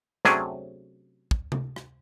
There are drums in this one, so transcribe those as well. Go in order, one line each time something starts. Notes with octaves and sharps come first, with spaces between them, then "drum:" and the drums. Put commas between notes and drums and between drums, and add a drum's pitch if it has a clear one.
C3 F#3 A3 C#4 D4 G#4, drum: snare
drum: kick
drum: tom C3
drum: rim click